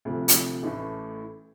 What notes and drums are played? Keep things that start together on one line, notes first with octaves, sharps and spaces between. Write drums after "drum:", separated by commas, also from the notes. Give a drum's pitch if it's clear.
D2 C3 F3
drum: hi-hat
A1 A2 E3 A3